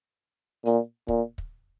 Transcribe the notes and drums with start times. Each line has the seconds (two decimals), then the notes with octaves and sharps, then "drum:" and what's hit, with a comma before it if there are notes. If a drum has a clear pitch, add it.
0.65 A#2, drum: hi-hat
1.08 A#2, drum: kick
1.38 drum: kick